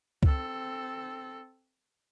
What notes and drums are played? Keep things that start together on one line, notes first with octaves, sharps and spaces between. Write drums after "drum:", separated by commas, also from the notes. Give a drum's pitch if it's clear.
C4 A4, drum: kick C#2